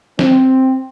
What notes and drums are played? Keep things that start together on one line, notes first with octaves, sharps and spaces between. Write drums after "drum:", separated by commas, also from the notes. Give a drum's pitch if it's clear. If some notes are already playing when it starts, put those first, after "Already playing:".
C4, drum: snare